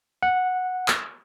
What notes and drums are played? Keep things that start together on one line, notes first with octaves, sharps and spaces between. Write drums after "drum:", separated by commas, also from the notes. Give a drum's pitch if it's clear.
F#5
drum: clap